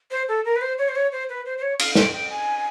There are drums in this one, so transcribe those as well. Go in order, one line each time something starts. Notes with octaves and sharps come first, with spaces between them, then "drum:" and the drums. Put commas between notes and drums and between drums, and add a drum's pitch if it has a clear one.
C5
A4
A#4
B4
C5
C#5
C5
C#5
C5
B4
C5
C5
C#5
F5, drum: cymbal
G5, drum: snare
G5
G#5